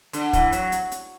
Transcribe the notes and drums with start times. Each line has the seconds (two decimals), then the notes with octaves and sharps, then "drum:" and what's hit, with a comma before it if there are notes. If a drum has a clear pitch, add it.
0.13 D3, drum: hi-hat
0.33 E3, drum: kick, hi-hat
0.52 F#3, drum: hi-hat
0.72 drum: hi-hat
0.92 drum: hi-hat